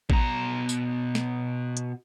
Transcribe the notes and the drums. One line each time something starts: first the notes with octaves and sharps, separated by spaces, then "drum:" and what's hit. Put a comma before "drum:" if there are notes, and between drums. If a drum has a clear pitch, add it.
B2 A#5, drum: kick A1
drum: tambourine
drum: snare
drum: hi-hat